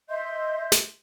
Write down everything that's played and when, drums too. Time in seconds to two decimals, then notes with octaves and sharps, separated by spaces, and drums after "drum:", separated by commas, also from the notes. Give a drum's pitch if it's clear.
0.09 D#5 E5 C6 G6
0.72 drum: snare